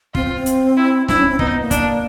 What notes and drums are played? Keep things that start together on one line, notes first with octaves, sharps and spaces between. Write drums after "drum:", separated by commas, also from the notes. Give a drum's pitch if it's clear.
C4 F4, drum: kick
C4
C4
drum: hi-hat
E4
D4 E4, drum: snare
C#4
C4
B3 D#4, drum: kick
B3
A#3
D4, drum: kick, hi-hat